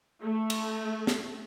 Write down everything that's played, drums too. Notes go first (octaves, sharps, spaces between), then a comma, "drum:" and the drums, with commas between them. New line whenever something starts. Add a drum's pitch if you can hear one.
A3
drum: cymbal
drum: snare